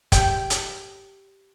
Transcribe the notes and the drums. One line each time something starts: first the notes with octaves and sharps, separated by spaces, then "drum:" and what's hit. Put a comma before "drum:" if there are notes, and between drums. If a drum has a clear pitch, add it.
G4 G5, drum: kick, hi-hat
drum: hi-hat